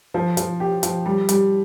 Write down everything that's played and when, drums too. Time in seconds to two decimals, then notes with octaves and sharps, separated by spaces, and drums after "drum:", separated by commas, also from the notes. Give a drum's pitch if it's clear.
0.14 F3
0.37 F3, drum: hi-hat
0.60 G4
0.83 F3, drum: hi-hat
1.06 G3
1.29 G3, drum: hi-hat